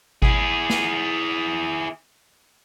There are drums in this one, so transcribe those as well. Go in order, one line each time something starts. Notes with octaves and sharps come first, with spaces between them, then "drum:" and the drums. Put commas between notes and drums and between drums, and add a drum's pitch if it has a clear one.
E4 G#4, drum: kick G#1
drum: snare